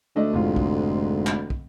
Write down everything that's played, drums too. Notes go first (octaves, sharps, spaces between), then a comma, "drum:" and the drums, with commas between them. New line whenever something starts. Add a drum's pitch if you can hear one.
D2 A3 D4 D#5
F1 G#2 F4
drum: kick
drum: clap
drum: kick